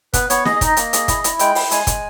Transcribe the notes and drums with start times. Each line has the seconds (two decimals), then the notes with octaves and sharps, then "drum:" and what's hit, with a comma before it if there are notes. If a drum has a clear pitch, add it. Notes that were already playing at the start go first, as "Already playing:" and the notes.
0.13 B3 B4, drum: kick, hi-hat
0.30 B3 C#5, drum: hi-hat
0.45 G#4 D#5, drum: snare
0.56 D#5
0.61 D#4, drum: kick, hi-hat
0.66 D#5
0.77 A#3, drum: hi-hat
0.93 G#4, drum: hi-hat
1.08 E4, drum: kick, hi-hat
1.24 E4, drum: hi-hat
1.39 G#3 G5, drum: hi-hat
1.55 E4, drum: open hi-hat
1.71 G#3 G#5, drum: hi-hat
1.87 G#3, drum: kick, hi-hat